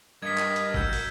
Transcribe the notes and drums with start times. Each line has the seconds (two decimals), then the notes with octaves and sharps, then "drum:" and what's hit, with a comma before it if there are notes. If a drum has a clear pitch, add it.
0.22 G2 A#4 D#5 G#6 B6
0.38 drum: clap
0.56 drum: hi-hat
0.74 F#4 E6 G6, drum: kick G#1
0.93 drum: open hi-hat